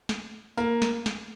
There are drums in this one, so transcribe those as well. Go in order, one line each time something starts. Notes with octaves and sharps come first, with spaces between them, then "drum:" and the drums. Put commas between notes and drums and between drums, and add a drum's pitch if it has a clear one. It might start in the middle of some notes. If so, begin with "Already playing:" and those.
drum: snare
A#3, drum: tambourine
drum: snare
drum: snare